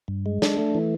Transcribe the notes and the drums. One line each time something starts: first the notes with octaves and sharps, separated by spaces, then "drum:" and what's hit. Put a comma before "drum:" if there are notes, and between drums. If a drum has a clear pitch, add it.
G2
G#3
D4, drum: snare
A3
E3